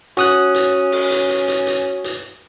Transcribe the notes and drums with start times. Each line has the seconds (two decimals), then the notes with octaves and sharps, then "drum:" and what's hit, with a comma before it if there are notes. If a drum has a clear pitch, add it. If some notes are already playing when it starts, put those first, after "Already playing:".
0.17 C#4 F#4 D#6 F#6, drum: hi-hat
0.54 drum: hi-hat
0.92 drum: open hi-hat
1.11 drum: hi-hat
1.29 drum: hi-hat
1.48 drum: hi-hat
1.67 drum: hi-hat
2.04 drum: hi-hat